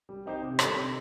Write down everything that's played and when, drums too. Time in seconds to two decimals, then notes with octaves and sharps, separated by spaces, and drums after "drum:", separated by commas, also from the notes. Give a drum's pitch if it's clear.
0.09 G3
0.26 C4 D#4 G4 C5
0.42 C3
0.59 D#3 G3 D4 A4, drum: rim click
0.76 C3